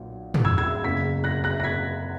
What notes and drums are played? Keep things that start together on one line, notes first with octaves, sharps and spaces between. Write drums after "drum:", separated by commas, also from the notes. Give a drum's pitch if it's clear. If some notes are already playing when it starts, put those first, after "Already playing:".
Already playing: B1 A#2
drum: tom
E6 G#6
E6 G#6
F#1 E2 C#3 G#6 B6
F#6 A#6
F#6 A#6
A#6
G#6 B6